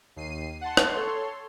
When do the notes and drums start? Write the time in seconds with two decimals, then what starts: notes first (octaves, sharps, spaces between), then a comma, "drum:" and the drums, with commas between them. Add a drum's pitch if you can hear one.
0.16 D#2 C7 D#7
0.61 F#5 A5 C6
0.77 drum: rim click
0.93 A4 C#5 C6